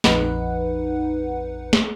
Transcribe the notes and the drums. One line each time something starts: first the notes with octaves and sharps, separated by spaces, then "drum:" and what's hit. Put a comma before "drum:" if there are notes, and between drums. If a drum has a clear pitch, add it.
A#1 F2 D#4 B4 F#5, drum: snare
drum: snare